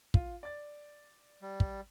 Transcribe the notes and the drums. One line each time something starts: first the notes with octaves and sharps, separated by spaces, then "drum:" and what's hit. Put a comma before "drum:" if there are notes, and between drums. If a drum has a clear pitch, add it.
F4, drum: kick
D5 A6
G3
drum: kick